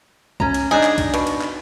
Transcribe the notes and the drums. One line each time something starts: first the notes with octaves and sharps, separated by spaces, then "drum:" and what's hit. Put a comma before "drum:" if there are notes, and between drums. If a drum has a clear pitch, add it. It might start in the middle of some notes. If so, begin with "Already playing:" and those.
C#4 A#5, drum: kick C2
drum: cymbal
D4 D#4 G#4
drum: clap
drum: kick C2, cymbal
B2, drum: cymbal
drum: cymbal
drum: clap